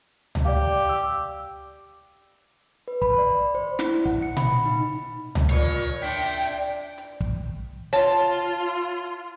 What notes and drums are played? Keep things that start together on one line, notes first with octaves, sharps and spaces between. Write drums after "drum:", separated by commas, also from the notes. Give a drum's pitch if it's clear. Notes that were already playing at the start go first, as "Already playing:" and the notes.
drum: tom C#2
G4 D5 F5
D6 E6
B4
B5, drum: kick
D5
C5
E4, drum: snare
F#5, drum: kick
C#7
B5, drum: tom A#2
D#4
drum: tom C#2
A#2 C#5
D4 E5 G5 C6
drum: hi-hat
drum: kick
F4 C#5 A5